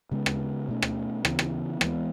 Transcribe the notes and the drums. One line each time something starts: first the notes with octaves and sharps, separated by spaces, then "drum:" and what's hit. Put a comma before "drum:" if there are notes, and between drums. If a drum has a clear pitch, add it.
C#3 G#3 B3
drum: rim click
B2 A3 C#4
drum: rim click
C#3 E3 B3, drum: rim click
drum: rim click
E3 G#3 B3, drum: rim click